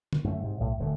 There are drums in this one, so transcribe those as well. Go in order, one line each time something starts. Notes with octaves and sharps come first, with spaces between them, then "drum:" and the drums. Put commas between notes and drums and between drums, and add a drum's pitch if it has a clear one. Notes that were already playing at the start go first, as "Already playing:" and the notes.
drum: tom
F#2 A3
G#2 C3
B1 A2
D1 D3 A3